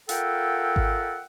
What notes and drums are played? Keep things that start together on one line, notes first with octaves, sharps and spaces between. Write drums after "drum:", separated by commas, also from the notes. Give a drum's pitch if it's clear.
F4 A4 A#4 E5 F#5 G5, drum: hi-hat
drum: kick G#1